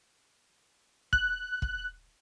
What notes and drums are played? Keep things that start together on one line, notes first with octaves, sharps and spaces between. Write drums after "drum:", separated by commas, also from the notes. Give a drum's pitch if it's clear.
F#6, drum: kick
drum: kick